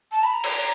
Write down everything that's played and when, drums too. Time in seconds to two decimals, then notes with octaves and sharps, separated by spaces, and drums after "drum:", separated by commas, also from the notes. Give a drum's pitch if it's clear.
0.12 A5
0.23 B5
0.33 A#5
0.44 drum: cymbal